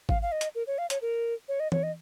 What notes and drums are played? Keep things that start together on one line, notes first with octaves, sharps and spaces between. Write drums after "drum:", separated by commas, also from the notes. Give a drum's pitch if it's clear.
F5, drum: kick G#1
F5
D#5
drum: hi-hat
A#4
C#5
F5
C#5, drum: hi-hat
A#4
C#5
D#5
C#5, drum: tom E3
D#5